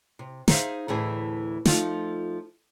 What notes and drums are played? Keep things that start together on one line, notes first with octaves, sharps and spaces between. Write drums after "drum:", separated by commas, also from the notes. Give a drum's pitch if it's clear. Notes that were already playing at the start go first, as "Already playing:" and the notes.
C3
D#4 G#4 C5 C#5 E5 F5, drum: snare
D2 A2 E3 G#4
F3 A3 D#4 F4, drum: snare